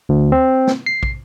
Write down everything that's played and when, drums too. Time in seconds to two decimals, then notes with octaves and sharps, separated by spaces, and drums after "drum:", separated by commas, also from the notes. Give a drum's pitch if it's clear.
0.09 D2
0.32 C4
0.67 drum: snare
0.86 C7
1.03 drum: kick